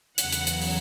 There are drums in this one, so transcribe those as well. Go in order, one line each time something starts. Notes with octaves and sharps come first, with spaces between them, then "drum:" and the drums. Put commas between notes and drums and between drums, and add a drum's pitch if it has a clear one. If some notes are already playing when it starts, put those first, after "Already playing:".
E2 C#3 F#3 F#5, drum: hi-hat
drum: hi-hat
drum: hi-hat
drum: open hi-hat